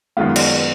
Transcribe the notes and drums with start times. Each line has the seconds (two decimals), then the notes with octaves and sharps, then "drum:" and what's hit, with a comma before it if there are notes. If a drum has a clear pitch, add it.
0.17 F#2 D#3 G#3 B3 F4
0.36 drum: cymbal